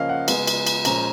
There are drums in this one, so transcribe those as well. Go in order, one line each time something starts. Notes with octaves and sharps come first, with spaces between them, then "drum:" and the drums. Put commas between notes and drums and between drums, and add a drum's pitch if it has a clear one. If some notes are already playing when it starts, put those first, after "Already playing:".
Already playing: C#3 F3 A#3 C#4 D#5 F5
F#5
C#3 G#3 B3, drum: cymbal
drum: cymbal
drum: cymbal
A#2 F3 G#3 C#4 A#5, drum: cymbal